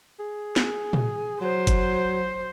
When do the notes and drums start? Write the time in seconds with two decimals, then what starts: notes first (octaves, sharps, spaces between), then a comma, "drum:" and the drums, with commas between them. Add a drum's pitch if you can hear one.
0.19 G#4
0.56 drum: snare
0.93 drum: tom
1.41 F#3 C5
1.67 drum: kick, hi-hat